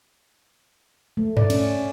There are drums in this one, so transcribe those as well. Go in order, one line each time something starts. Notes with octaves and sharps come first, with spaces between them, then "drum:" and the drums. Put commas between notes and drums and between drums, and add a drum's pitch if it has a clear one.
A3
D5, drum: tom G2
C#4, drum: cymbal